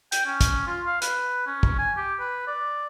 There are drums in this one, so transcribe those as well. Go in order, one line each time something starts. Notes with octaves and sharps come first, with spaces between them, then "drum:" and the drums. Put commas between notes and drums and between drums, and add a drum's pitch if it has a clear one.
G5, drum: hi-hat
C#4
drum: kick, hi-hat
F4
F5
B4, drum: hi-hat
C#4
drum: kick
G#5
G4
B4
D5